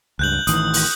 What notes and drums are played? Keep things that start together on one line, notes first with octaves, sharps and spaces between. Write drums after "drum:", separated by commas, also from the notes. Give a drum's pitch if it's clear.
C#2 G2 F#6 G6 F#7
A1 D#3 E3 D#6, drum: hi-hat
drum: open hi-hat